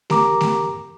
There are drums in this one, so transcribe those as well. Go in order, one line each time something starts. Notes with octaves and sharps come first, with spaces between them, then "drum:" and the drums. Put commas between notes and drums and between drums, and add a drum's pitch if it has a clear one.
G4 A#4 A#5 D6, drum: snare A3
drum: snare A3